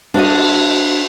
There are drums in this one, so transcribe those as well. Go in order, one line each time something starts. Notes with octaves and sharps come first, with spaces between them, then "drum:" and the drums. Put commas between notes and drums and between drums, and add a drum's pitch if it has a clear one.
D4 F#4 A4 D#5, drum: cymbal